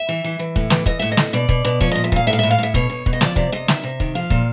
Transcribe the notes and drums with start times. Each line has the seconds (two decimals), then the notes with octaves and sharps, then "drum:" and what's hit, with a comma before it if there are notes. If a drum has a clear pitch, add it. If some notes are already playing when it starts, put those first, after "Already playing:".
Already playing: E5
0.09 E3
0.24 E3
0.39 E3
0.56 A2, drum: kick
0.70 E3, drum: snare
0.86 E3 D#5, drum: kick
0.99 A2 E5
1.12 D#5
1.17 A2, drum: snare
1.33 B2 D5
1.49 B2, drum: kick
1.65 B2
1.81 F3 C#5, drum: kick
1.91 A#2 D#5
2.04 E5
2.12 A#2 F5, drum: kick
2.27 A2 E5
2.33 F5
2.39 A2 E5
2.50 F5
2.58 A2 E5
2.74 B2 C#5, drum: kick
2.90 B2
3.06 B2, drum: kick
3.13 D#5
3.21 F3 D5, drum: snare
3.36 C3 D5, drum: kick
3.52 C3 D#5
3.68 D#3 E5, drum: snare
3.83 C3
4.00 D#3, drum: kick
4.15 F3 F5
4.30 A#2, drum: kick